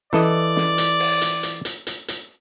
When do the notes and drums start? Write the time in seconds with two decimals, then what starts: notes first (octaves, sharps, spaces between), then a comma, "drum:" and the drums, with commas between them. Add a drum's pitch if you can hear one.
0.13 E3 A4 D5 D#5, drum: snare
0.56 drum: snare
0.78 drum: hi-hat
1.00 drum: open hi-hat
1.21 drum: hi-hat
1.43 drum: hi-hat
1.65 drum: hi-hat
1.87 drum: hi-hat
2.08 drum: hi-hat